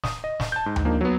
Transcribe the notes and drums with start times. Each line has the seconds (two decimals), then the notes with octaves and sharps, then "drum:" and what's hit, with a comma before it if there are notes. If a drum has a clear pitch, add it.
0.04 D#6, drum: snare
0.24 D#5
0.40 drum: snare
0.52 A5 G6
0.66 G#2
0.76 drum: tom D2
0.85 F3 A#3 D4 D#4
1.01 F#3 B3